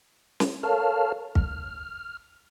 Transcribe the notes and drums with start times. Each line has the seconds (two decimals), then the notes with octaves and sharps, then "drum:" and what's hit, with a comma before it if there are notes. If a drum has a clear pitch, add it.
0.40 drum: snare
0.63 A4 A#4 C#5 F5 A5 F6
1.35 F6, drum: kick